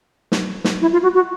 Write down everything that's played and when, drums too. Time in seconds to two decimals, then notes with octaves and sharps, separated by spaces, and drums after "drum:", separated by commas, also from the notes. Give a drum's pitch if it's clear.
0.32 drum: snare
0.64 drum: snare
0.81 E4
0.92 F4
1.03 F#4
1.14 F#4